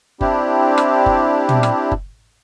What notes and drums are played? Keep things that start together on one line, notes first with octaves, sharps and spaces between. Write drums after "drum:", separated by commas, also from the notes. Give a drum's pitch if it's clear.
C4 D4 E4 G4, drum: kick F#1
drum: rim click
drum: kick F#1
drum: tom
drum: rim click
drum: kick F#1